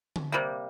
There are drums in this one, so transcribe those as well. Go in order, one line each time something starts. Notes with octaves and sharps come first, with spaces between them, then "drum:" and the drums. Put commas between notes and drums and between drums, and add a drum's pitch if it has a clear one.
drum: tom D3
C3 G3 A#3